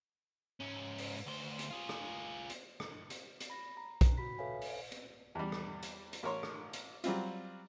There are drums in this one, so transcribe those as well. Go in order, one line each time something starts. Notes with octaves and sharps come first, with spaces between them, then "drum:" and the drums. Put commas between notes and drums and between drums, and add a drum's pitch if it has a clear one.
G#2 C#4
drum: open hi-hat
D2 C5
drum: hi-hat
F4 G#4
drum: rim click
drum: hi-hat
drum: rim click
drum: hi-hat
drum: hi-hat
B5 A#6
A#5
drum: kick B1, hi-hat
F#4 B5 B6
A4 B4 C#5 E5 F5 G#5
drum: open hi-hat
drum: hi-hat
E2 G3
drum: rim click
drum: hi-hat
drum: hi-hat
A1 A#4 C#5 C6
drum: rim click
drum: hi-hat
F#3 G3 C4 F4, drum: hi-hat